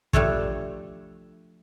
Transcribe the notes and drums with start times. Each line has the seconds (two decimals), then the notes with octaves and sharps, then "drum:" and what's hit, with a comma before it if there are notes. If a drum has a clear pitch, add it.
0.13 F3 G3 A3 D4 A4 C#5, drum: kick